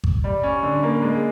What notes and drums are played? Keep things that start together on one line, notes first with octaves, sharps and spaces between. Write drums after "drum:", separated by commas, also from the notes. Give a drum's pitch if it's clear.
drum: kick G#1
G3
C#4
D3
A#3
G#3